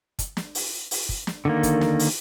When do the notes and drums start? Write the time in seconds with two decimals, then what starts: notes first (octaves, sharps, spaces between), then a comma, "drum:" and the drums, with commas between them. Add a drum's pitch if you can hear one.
0.19 drum: kick, hi-hat
0.37 drum: snare
0.55 drum: open hi-hat
0.91 drum: open hi-hat
1.09 drum: kick
1.27 drum: snare
1.45 D3 D#3 A#3
1.63 drum: kick, hi-hat
1.81 drum: snare
1.99 drum: open hi-hat